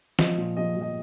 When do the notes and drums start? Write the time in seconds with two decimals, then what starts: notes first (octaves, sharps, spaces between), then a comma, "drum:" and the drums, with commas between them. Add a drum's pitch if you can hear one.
0.19 F3 D#5, drum: snare
0.38 A#2
0.57 F3 D#5
0.77 F3 D#5